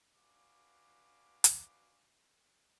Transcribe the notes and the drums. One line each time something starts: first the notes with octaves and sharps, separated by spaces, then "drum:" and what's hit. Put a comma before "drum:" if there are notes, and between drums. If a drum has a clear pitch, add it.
D4 F#4 B4 F5 G#5 D6
drum: hi-hat